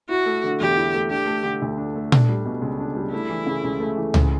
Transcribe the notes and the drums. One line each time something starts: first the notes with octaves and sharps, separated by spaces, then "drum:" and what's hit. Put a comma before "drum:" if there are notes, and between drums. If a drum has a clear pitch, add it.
E4 F#4
A3
D3
E2 G4
E4
A3
D4 G4
A3
D3
D2
D4
A3
D4, drum: tom A#2
G3
B2
C#2
D4
G3
A3 E4
E3
C#3
C#2
A3
E3
C#2, drum: tom C#2